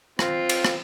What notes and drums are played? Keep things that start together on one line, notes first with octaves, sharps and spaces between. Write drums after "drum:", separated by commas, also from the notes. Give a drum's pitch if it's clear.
C4 F4, drum: rim click
drum: cymbal
drum: rim click